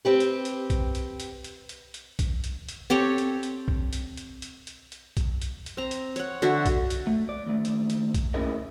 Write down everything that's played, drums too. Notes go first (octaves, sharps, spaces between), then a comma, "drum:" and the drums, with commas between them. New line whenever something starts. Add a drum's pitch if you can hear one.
C4 G4 B4
drum: hi-hat
drum: hi-hat
drum: kick B1, hi-hat
drum: hi-hat
drum: hi-hat
drum: hi-hat
drum: hi-hat
drum: hi-hat
drum: kick B1, hi-hat
drum: hi-hat
drum: hi-hat
C4 G4 A4 C#5
drum: hi-hat
drum: hi-hat
drum: kick B1
drum: hi-hat
drum: hi-hat
drum: hi-hat
drum: hi-hat
drum: hi-hat
drum: kick B1, hi-hat
drum: hi-hat
drum: hi-hat
C4 A#5
drum: hi-hat
C#5 F#5, drum: hi-hat
D3 F#4 E5, drum: hi-hat
drum: kick B1, hi-hat
drum: hi-hat
A3
D5
D#2 A3
drum: hi-hat
drum: hi-hat
drum: kick B1, hi-hat
A#3 C#4 E4 G#4 A#4 D#5